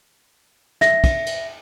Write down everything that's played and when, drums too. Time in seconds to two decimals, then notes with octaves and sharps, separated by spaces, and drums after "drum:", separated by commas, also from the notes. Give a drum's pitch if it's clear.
0.81 E5 A#6, drum: snare
1.04 drum: kick, cymbal
1.26 drum: cymbal